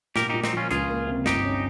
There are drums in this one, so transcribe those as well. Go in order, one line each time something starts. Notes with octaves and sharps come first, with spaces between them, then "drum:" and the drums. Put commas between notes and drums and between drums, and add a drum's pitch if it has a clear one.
A#2 G4 A#4, drum: snare
A#2 D#4 G4
C4 D#4, drum: snare
F3 C#4 F4
C#2 F4 G#4, drum: hi-hat
A#3
C3
G1 D#4 G4, drum: snare
C#4